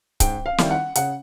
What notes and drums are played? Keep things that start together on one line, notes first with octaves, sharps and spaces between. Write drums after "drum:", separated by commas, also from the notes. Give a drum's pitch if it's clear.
G#2 G5, drum: kick C#1, hi-hat
F5
D#3 G3 C4 E4, drum: snare
F#5
C#3 F#5, drum: hi-hat